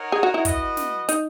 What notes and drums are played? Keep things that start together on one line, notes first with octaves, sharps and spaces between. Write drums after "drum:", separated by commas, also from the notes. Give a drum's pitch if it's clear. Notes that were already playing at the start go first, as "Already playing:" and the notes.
Already playing: D#4 A#4 C#5 F#5
G#4
F#4
E4
F#4 B4 D#5, drum: kick, hi-hat
drum: snare
D#4, drum: hi-hat